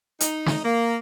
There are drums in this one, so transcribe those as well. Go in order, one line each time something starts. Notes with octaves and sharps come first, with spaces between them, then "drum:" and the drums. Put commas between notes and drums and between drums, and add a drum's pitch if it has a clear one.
D#4, drum: hi-hat
drum: snare
A#3